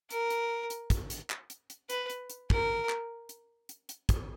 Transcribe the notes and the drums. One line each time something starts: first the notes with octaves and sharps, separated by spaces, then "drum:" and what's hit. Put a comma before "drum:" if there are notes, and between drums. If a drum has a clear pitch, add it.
A#4, drum: hi-hat
drum: hi-hat
drum: hi-hat
drum: kick, hi-hat
drum: hi-hat
drum: clap
drum: hi-hat
drum: hi-hat
B4, drum: hi-hat
drum: hi-hat
drum: hi-hat
A#4, drum: kick
drum: clap
drum: hi-hat
drum: hi-hat
drum: hi-hat
drum: kick, hi-hat